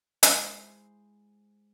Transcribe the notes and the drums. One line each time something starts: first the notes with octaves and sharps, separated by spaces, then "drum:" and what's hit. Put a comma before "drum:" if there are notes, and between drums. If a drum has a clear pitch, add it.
G#3 E4 C5, drum: hi-hat